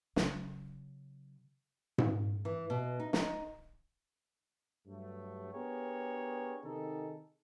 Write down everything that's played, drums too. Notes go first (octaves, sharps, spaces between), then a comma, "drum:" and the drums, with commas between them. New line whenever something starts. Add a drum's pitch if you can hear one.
C#3 F#3, drum: snare
drum: tom G#2
E3
B2
D#4
D#4, drum: snare
G2 F#3 A3
B3 D4 G4 G#4 A#4 C#5
C3 D#3 D#4 G#4 A4